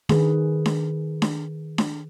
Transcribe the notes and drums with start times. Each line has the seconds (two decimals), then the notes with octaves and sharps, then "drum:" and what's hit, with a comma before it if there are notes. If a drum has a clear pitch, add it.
0.09 D#3 G#4 B4, drum: snare D4
0.66 drum: snare D4
1.22 drum: snare D4
1.78 drum: snare D4